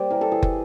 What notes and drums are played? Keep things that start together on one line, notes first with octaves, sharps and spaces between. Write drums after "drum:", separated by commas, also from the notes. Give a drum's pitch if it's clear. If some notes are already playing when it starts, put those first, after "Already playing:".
Already playing: G3 A#3 C5 D5
E3 A#4
A4
E3 G#4
drum: kick